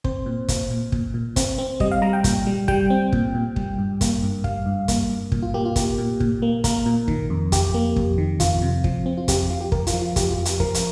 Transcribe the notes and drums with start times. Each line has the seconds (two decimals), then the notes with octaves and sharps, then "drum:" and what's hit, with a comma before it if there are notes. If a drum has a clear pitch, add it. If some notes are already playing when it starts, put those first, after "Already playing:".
0.04 C4 C5, drum: kick
0.26 A#2
0.48 A#2, drum: kick, hi-hat
0.71 A#2
0.92 A#2, drum: kick
1.14 A#2
1.36 C4, drum: kick, hi-hat
1.58 C4
1.80 G3 D#5, drum: kick
1.91 F5
2.02 G3 A#5
2.13 G5
2.24 A#2, drum: kick, hi-hat
2.47 G3
2.68 G3 G5, drum: kick
2.90 C4
3.12 A#2, drum: kick
3.34 A#2
3.56 G3, drum: kick
3.78 G2
4.01 A#3, drum: kick, hi-hat
4.23 G2
4.44 G3 F5, drum: kick
4.66 G2
4.88 A#3, drum: kick, hi-hat
5.10 G2
5.32 A#2, drum: kick
5.42 F4
5.54 A#3 G4
5.65 F4
5.76 A#3 G4, drum: kick, hi-hat
5.98 A#2
6.20 A#2, drum: kick
6.42 A#3
6.64 A#3 A#4, drum: kick, hi-hat
6.86 A#2
7.08 D#3, drum: kick
7.30 F2
7.52 F2 G4, drum: kick, hi-hat
7.74 A#3
7.96 F2, drum: kick
8.18 D#3
8.40 F2 F4, drum: kick, hi-hat
8.62 C3
8.84 F3, drum: kick
9.06 C4
9.17 F4
9.28 F2 G4, drum: kick, hi-hat
9.50 F3 F4
9.61 G4
9.72 F2 A#4, drum: kick
9.87 F4, drum: hi-hat
9.93 F3
10.02 F4
10.16 F2 G4, drum: kick, hi-hat
10.30 F4
10.38 F2
10.45 G4, drum: hi-hat
10.60 F3 A#4, drum: kick
10.74 drum: hi-hat